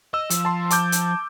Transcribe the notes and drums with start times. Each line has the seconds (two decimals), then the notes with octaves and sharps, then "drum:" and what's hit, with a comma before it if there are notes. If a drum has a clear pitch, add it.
0.14 D#5 E6
0.30 F3, drum: hi-hat
0.45 A5 C6
0.70 A5 D6 G6, drum: hi-hat
0.92 drum: hi-hat